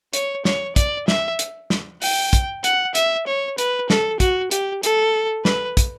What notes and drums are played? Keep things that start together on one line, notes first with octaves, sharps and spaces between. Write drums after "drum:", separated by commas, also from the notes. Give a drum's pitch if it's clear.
C#5, drum: hi-hat
C#5, drum: snare
D5, drum: kick, hi-hat
E5, drum: snare
drum: hi-hat
drum: snare
G5, drum: open hi-hat
drum: kick, hi-hat
F#5, drum: hi-hat
E5, drum: hi-hat
C#5
B4, drum: hi-hat
A4, drum: snare
F#4, drum: kick, hi-hat
G4, drum: hi-hat
A4, drum: hi-hat
B4, drum: snare
drum: kick, hi-hat